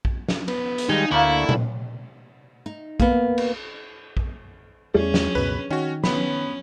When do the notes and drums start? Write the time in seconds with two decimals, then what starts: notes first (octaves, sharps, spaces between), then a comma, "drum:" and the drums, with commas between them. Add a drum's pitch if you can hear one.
0.05 drum: kick A#1
0.28 drum: snare
0.48 B3, drum: cymbal
0.78 drum: hi-hat
0.89 D#3 G3 G#3 D#4 G#5
1.12 D2 D3 A3 A#3 E4 C#6
1.49 drum: tom A#2
2.66 D#4
3.00 A#3 B3, drum: kick A#1
3.38 drum: cymbal
4.17 drum: kick A#1
4.94 E2 G3 A3 C#4 G#4
5.14 drum: snare
5.35 C#2 F#2 B2 B4
5.70 D#3 C#4 F#4
6.04 B3 C#4 B5, drum: snare